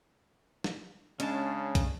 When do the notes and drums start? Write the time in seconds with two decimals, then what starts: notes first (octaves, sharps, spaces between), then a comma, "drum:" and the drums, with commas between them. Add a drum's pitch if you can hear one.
0.64 drum: snare
1.20 C#3 G#3 C#4 D4 G#4 A5, drum: hi-hat
1.75 drum: kick, hi-hat